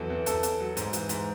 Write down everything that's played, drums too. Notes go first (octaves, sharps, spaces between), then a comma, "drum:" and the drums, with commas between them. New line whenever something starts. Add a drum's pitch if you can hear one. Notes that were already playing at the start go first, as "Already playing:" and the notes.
Already playing: E2 F#3 A4
E2
E2 A4, drum: hi-hat
E2, drum: hi-hat
F#3
G#2, drum: hi-hat
E3, drum: hi-hat
G#2, drum: hi-hat